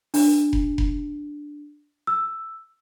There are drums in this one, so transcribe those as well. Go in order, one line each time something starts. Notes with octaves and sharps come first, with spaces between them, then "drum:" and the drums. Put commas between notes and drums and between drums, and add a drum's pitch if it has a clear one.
D4, drum: open hi-hat
drum: kick F1
drum: kick F1
E6